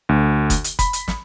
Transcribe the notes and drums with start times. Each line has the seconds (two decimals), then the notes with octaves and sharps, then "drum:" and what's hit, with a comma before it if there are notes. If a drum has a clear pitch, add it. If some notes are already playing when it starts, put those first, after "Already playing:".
0.09 D2
0.50 drum: kick F#1, hi-hat
0.64 drum: hi-hat
0.79 B5, drum: kick F#1, hi-hat
0.93 drum: hi-hat
1.08 drum: snare